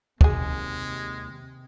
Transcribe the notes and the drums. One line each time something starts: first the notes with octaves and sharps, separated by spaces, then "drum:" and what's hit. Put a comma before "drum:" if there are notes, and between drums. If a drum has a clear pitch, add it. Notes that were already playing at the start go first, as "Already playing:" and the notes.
D#2 C3 F#3 G#3 G#4, drum: kick